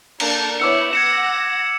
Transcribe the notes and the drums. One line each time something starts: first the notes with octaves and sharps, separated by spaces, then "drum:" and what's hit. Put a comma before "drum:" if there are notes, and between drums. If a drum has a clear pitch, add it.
A#3 D4 A4, drum: cymbal
B3 E4 C#5 D6 E6 C#7
F#5 G#6 A#6 C#7 E7